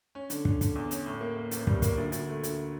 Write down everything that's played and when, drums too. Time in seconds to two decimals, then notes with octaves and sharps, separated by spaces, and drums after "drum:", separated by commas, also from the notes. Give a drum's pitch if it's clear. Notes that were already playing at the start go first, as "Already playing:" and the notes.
0.15 C#4
0.30 D3, drum: hi-hat
0.45 D3, drum: kick
0.61 D3, drum: kick, hi-hat
0.76 E2
0.91 C#4, drum: hi-hat
1.06 A2
1.21 A#3
1.37 A#3
1.51 A1, drum: hi-hat
1.67 G3, drum: kick
1.82 A#3, drum: kick, hi-hat
1.98 D2
2.12 D2, drum: hi-hat
2.28 A3
2.43 D2, drum: hi-hat